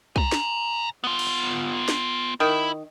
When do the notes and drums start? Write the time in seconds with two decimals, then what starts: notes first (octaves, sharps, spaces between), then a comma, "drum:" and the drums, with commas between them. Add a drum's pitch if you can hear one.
0.16 G#5 A#5, drum: kick C2
0.32 drum: snare
1.04 B3 F4
1.19 drum: cymbal
1.89 drum: snare
2.40 D#3 E4